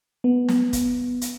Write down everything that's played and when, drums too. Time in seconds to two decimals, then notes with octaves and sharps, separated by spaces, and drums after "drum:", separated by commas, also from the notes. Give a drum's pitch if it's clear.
0.24 B3
0.48 drum: snare
0.73 drum: kick, hi-hat
1.21 drum: hi-hat